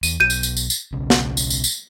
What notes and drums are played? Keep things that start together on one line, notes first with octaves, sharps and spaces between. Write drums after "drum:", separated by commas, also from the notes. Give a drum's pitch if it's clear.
E2 D#7, drum: tambourine
B1 G6 D#7
drum: tambourine
drum: tambourine
drum: tambourine
drum: tambourine
B1 C#3
drum: snare
drum: tambourine
drum: tambourine
drum: tambourine